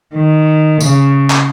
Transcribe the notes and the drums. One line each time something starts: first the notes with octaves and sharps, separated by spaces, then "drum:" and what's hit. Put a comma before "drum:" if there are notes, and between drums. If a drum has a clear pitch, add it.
D#3
C#3, drum: tambourine
drum: clap